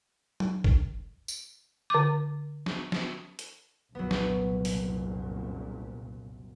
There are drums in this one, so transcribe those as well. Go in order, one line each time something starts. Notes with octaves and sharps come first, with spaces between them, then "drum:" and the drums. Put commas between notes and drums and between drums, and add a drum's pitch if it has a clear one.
drum: tom F#3
drum: kick A#1
drum: tambourine
D3 D6
drum: snare
drum: snare
drum: hi-hat
F#1 C2 A#2 F#3 B3
drum: snare
drum: open hi-hat